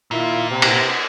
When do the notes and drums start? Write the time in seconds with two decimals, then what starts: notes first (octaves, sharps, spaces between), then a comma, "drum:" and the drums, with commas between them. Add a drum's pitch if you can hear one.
0.11 A#2 D#3 E4 F4
0.49 C3
0.62 drum: cymbal